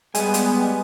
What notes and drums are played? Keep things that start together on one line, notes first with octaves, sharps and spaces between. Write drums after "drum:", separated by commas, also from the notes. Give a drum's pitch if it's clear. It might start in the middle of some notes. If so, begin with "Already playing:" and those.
G3 G#3 B3 G#5, drum: hi-hat
drum: hi-hat